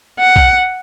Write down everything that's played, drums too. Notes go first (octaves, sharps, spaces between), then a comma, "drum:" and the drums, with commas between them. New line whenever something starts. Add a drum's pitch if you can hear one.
F#5
drum: kick